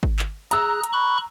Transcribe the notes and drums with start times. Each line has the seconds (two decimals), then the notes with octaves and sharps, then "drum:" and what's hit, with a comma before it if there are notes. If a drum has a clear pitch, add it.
0.03 drum: kick
0.19 drum: clap
0.51 G#4 A#5 E6 F#6, drum: hi-hat
0.83 drum: hi-hat
0.93 B5 C#6 F#6